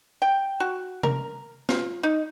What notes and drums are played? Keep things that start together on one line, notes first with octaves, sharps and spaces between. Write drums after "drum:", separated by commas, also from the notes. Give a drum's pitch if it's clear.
G5
F#4
A#4, drum: tom C3
F4, drum: snare
D#4